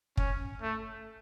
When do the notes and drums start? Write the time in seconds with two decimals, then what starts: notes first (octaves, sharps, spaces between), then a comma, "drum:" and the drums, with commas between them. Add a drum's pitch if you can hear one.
0.17 C#4, drum: kick
0.62 A3